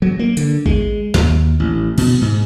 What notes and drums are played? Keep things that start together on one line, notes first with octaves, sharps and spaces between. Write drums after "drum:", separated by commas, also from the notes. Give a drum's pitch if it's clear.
F#3
A#3
D3, drum: hi-hat
G#3, drum: kick A1
D#2, drum: snare
A1
B2, drum: cymbal
G#2